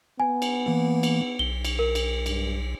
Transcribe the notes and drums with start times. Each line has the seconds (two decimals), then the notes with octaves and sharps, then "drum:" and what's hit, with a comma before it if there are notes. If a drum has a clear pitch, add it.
0.20 B3 G#5
0.42 drum: cymbal
0.66 E3 A#3
1.03 drum: cymbal
1.39 B1 G7
1.65 drum: cymbal
1.79 A#4
1.95 drum: cymbal
2.26 G2, drum: cymbal